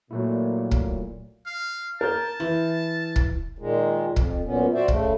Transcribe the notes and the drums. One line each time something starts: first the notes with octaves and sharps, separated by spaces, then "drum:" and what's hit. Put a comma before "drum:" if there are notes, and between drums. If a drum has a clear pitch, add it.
A#2 F#3 A3 E4
drum: kick
F5
A#4 A5 F6 G6
E3 E4
drum: kick
A#2 D#3 G#3
F2
drum: kick
F#2 A#2 B3 C#4
F#4 C5 D5 E5
C#3 A3, drum: kick